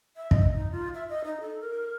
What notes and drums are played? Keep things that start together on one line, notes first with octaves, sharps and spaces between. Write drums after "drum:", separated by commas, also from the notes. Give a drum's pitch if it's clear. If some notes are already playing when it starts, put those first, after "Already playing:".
E5
D#5, drum: kick
D#4
F4
E5
D#5
D#4
A4
A#4